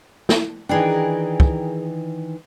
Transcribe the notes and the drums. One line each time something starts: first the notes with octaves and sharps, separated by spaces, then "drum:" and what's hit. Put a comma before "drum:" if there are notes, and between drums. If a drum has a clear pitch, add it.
drum: snare
D#3 E3 D4 G#4 A#4 G5
drum: kick